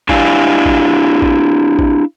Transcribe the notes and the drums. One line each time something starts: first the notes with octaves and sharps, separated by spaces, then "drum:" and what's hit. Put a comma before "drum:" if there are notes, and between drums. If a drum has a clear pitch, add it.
D4 E4 G4 D5 F5 G#5, drum: kick A1
drum: kick A1
drum: kick A1
drum: kick A1